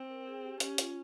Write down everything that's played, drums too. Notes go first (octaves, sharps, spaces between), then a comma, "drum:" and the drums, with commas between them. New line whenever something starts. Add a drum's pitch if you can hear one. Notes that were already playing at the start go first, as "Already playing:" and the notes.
Already playing: C4
A#4
G#4
G4
C#4 G4, drum: hi-hat
F4, drum: hi-hat